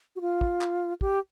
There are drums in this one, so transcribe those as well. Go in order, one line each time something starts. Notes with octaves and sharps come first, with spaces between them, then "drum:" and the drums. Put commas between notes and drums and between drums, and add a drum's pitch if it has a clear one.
F#4
F4
drum: kick
drum: clap
G4, drum: kick